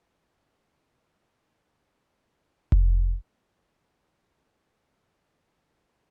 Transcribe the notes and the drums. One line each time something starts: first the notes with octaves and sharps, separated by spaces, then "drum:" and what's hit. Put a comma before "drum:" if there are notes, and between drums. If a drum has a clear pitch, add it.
B4
A4
A5
G5
A4
F#5
D5
drum: kick F1
G2 B2 E5 G6